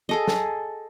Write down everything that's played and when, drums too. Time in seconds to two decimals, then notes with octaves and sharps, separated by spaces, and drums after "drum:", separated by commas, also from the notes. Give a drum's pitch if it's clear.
0.09 G#4 A4 D#5
0.28 drum: snare